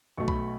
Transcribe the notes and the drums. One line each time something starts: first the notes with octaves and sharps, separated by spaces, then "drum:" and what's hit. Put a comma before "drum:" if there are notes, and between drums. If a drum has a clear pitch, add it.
B1 B2 A3 C#6
B5, drum: kick B1